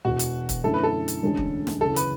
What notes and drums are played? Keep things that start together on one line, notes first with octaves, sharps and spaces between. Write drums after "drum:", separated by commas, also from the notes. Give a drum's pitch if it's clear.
E1 E2 B2 F#4
drum: hi-hat
drum: kick, hi-hat
F#2 D3 A3 E4 A4
B4
A4
drum: hi-hat
E1 D2 D3 G#3 C#4
drum: kick
drum: snare
F#1 F#2 C#3 E3 A4
B4, drum: hi-hat